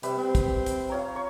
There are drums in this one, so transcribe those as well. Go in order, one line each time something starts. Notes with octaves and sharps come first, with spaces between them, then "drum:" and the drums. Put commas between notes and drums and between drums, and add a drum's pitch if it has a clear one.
C3 G3 B4 E5, drum: hi-hat
C4
drum: kick, hi-hat
drum: hi-hat
F4 C#5 A#5
C#5 C#6